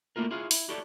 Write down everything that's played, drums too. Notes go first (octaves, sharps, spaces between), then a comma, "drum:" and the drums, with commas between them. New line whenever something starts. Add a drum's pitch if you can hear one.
A3 A#3 E4 F4 A#4
E4 F4 G#4 C#5 F5
E4, drum: open hi-hat
E4 F#4 G4 A4 C#5 D5